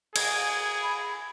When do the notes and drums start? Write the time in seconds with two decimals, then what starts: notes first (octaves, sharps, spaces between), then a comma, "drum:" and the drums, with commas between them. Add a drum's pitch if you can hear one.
0.16 G#4 G#6, drum: cymbal
0.82 B5